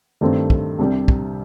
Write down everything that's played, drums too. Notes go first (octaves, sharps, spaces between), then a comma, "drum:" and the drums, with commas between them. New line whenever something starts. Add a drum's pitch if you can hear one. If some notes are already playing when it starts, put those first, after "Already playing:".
G2 D#3 A3 C4
drum: kick
C2 C3 G3 D4 G4
drum: kick